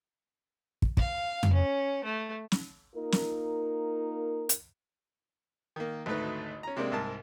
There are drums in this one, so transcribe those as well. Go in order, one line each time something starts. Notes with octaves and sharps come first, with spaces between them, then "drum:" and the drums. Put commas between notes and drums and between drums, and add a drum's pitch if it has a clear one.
drum: kick
F5, drum: kick
drum: tom F2
C#4
A3
drum: snare
A#3 D#4 F4 A#4
drum: snare
drum: hi-hat
D#3 A#3
G#1 D2 A3 D#4 B4
C#4 A#5
C3 G#3 A#3 C4 D4
C2 G#2 A#4 A5